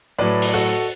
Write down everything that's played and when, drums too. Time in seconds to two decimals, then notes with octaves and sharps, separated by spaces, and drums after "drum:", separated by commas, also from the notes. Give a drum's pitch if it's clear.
0.19 A2 F#3 A3 B4 D5
0.42 drum: open hi-hat
0.54 F#4 A4